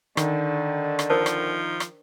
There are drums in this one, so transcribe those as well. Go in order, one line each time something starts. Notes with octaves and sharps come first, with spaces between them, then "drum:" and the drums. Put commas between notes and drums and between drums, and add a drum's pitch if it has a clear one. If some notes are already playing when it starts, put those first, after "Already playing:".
D3 D#3, drum: rim click
drum: rim click
F3 A#4 C5 A5
drum: rim click
drum: rim click